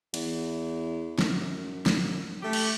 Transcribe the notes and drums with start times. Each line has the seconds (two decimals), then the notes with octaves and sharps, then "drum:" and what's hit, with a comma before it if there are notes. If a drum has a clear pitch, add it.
0.14 E2, drum: cymbal
1.19 F#2, drum: snare
1.86 drum: snare
2.41 A3 G4
2.53 drum: cymbal